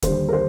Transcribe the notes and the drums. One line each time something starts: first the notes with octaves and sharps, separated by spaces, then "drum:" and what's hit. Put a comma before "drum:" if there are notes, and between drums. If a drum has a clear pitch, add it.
D#2 D3 G3 C5, drum: kick E1, hi-hat
A#4
C5